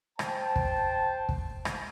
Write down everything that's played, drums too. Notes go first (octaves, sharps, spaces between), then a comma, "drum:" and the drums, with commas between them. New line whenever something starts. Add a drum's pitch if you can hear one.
C5 G5 A5, drum: rim click
drum: kick
drum: kick
drum: rim click